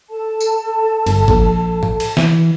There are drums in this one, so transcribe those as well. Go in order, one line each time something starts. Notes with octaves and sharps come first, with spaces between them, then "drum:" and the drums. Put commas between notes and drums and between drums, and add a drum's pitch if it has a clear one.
A4 A5
drum: tambourine
G1, drum: cymbal
A#1, drum: kick
drum: tom G#2
drum: cymbal
E3, drum: snare